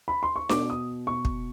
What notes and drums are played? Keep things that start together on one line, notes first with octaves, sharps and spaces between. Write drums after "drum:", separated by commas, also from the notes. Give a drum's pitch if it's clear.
B5
C6
C#6
B2 D6, drum: snare D4
D#6
B2 C#6
drum: kick